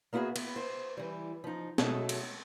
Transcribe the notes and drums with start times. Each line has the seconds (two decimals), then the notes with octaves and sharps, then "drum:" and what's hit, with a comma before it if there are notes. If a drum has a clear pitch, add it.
0.13 A#3 B3 E4 F#4 G#4 E5
0.36 B3, drum: cymbal
0.56 C5
0.97 E3 G3
1.44 F3 D#4
1.78 B2 F#3 G#3 A3 A4, drum: snare
2.09 drum: cymbal